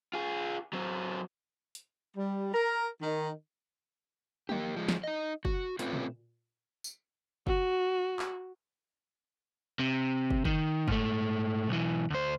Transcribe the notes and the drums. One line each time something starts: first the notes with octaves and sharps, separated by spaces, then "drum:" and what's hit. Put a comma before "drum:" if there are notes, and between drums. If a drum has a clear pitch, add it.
F4 G#4
F#3 C4
drum: hi-hat
G3
A#4
D#3
A#3 G4, drum: tom
F3 G#3
drum: snare
D#4 D#5
F#4, drum: kick
A3 C4 C#4 F4 B4, drum: hi-hat
drum: tom A#2
drum: tambourine
F#4, drum: kick
drum: clap
C3
drum: kick
D#3, drum: kick
G#2 A3, drum: kick
B1 E3
D2 C5